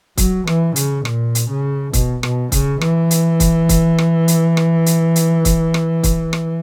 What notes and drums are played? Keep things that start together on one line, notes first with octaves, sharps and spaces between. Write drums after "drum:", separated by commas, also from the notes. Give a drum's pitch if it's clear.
F#3, drum: kick, hi-hat
E3, drum: rim click
C#3, drum: hi-hat
A#2, drum: rim click
drum: hi-hat
C#3
B2, drum: kick, hi-hat
B2, drum: rim click
C#3, drum: kick, hi-hat
E3, drum: rim click
drum: hi-hat
drum: kick, hi-hat
drum: kick, hi-hat
drum: rim click
drum: hi-hat
drum: rim click
drum: hi-hat
drum: hi-hat
drum: kick, hi-hat
drum: rim click
drum: kick, hi-hat
drum: rim click